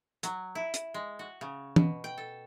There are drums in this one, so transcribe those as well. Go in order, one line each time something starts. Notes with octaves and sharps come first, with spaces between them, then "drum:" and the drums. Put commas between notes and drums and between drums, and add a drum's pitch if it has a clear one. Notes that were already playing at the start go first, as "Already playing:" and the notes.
F#3, drum: hi-hat
E4
drum: hi-hat
G#3
F#4
C#3
B2, drum: tom E3
G5
A4